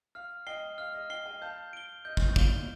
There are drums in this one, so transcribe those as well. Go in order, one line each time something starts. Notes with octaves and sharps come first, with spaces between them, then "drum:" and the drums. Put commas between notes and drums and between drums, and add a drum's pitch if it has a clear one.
F5 F6
D#5 G5 C7 G7
F5 F6
D#5
D#5 G5 C7 G7
D#5 G5
F5 A5 G6
D7 G7
D#5 G6
drum: kick
F5 D7 G7, drum: kick